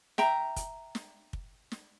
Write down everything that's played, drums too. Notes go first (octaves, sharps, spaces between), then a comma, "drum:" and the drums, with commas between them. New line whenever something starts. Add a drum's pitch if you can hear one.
E5 G5 A#5, drum: snare
drum: kick, hi-hat
drum: snare
drum: kick
drum: snare